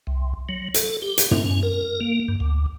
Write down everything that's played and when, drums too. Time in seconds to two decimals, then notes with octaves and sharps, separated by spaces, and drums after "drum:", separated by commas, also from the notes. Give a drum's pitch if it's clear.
0.07 C2
0.49 F#3
0.74 A4, drum: hi-hat
1.02 G4
1.18 drum: hi-hat
1.31 C#4, drum: tom
1.63 A#4
2.01 A#3
2.28 G2
2.40 D2